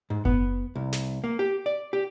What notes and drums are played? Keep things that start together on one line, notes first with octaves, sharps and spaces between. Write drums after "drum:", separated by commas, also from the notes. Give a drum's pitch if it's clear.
G#2
B3, drum: kick F#1
C2
drum: snare
A#3
G4
D5
G4